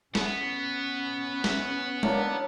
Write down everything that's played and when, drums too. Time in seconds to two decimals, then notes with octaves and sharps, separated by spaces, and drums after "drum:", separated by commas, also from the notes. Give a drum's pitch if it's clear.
0.15 B3 C#4, drum: snare
1.44 drum: snare
2.03 F#3 A#3 D4 C#5, drum: tom G#3